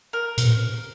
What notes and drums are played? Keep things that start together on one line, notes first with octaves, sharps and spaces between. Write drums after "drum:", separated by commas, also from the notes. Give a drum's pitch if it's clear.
A#4
A#2, drum: hi-hat